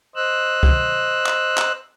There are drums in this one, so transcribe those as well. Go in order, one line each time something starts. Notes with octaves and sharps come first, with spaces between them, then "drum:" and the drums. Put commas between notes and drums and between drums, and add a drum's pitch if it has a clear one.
C5 D#5 E6 F#6
drum: kick
drum: clap
drum: clap